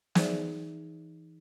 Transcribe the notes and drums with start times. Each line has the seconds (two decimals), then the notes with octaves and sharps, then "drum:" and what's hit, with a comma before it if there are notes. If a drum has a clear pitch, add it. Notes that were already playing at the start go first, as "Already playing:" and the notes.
0.15 E3 D#4 G#4 C5 D5 E5, drum: snare